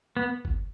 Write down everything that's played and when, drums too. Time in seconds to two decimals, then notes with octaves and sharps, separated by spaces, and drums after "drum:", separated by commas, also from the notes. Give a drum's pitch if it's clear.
0.17 B3
0.45 drum: kick F#1